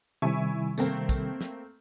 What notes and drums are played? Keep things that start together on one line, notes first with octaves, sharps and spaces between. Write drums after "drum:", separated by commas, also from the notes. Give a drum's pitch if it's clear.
C3 D#3 G3 E4 G#5 C#6
A3 A#3 C4, drum: tambourine
drum: kick, tambourine
drum: snare